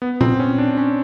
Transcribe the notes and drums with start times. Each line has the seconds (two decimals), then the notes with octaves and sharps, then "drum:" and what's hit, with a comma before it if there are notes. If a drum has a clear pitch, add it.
0.02 B3
0.21 C4, drum: tom A#2
0.40 C#4
0.58 D4
0.77 C#4